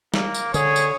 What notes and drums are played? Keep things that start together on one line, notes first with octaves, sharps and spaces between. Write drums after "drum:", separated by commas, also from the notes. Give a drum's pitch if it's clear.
A#3, drum: snare
drum: tambourine
D3 G#4 C#5, drum: tambourine
drum: tambourine